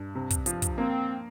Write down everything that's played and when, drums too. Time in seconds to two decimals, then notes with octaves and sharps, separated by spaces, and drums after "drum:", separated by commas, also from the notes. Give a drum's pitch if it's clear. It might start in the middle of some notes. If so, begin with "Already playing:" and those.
Already playing: G2
0.15 C3
0.30 drum: kick, hi-hat
0.46 F3, drum: hi-hat
0.62 drum: kick, hi-hat
0.78 A#3 C4